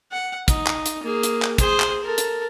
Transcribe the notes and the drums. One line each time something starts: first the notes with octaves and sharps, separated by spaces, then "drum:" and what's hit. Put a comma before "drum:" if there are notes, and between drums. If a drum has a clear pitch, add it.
F#5
D#4, drum: kick, hi-hat
drum: clap
drum: hi-hat
A#3 G#4
drum: hi-hat
drum: clap
G#4 C5, drum: kick, hi-hat
drum: clap
A4 A#4
drum: hi-hat